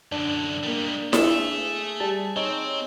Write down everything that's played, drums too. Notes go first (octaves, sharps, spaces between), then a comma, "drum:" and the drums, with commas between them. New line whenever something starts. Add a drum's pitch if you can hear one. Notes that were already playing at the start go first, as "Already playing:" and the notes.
F#2 D3 D4
G3 G#3 A#3
G#4 A4 E5, drum: snare E4
G3 A5
C4 D#4 C#5